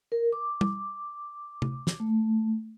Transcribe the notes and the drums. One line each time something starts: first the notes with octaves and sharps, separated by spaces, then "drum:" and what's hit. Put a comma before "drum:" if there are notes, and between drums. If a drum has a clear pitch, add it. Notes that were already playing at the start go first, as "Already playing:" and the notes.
A#4
D6
drum: tom G3
drum: tom C3
drum: snare
A3